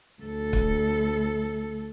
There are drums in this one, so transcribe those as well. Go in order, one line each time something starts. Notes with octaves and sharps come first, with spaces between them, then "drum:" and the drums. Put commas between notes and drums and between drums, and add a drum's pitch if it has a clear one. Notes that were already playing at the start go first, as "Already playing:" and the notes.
D2 A4
drum: kick